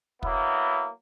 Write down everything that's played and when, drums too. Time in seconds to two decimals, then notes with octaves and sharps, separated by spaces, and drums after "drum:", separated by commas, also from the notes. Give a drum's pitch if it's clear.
0.23 F#3 A#3 B3 E4, drum: kick